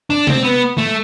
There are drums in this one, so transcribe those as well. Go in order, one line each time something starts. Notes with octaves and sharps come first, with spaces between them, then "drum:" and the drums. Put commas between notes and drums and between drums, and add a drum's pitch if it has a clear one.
D4
C4, drum: tom C3
B3
A3